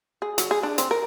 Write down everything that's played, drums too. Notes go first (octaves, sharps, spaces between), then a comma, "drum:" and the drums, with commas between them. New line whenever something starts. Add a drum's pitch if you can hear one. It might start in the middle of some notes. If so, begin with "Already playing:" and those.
G#4
F#3, drum: hi-hat
G#4
D4
C4, drum: hi-hat
A#4